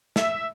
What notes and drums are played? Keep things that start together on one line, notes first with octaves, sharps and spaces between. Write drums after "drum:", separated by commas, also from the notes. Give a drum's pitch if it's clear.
E5, drum: snare